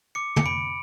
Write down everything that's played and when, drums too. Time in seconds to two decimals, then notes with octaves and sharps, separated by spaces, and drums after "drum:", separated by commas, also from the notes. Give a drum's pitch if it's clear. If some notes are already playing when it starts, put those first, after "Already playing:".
0.15 D6 C#7
0.36 C#7, drum: tom
0.45 B5 D7